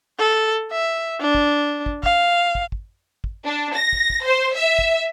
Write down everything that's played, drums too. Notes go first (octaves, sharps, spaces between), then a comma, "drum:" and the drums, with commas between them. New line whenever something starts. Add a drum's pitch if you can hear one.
A4
E5
D4
drum: kick
drum: kick
F5, drum: kick
drum: kick
drum: kick
drum: kick
D4
A#6
drum: kick
drum: kick
C5
E5
drum: kick